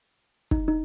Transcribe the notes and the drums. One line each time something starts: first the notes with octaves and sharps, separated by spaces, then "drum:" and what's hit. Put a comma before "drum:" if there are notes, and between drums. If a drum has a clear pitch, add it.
D#4, drum: kick
D#4